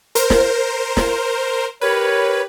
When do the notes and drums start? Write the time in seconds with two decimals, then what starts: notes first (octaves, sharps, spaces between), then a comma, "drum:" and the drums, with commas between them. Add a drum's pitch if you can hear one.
0.15 A#4 C5, drum: hi-hat
0.30 drum: snare
0.97 drum: snare
1.81 G4 A#4 B4 C#5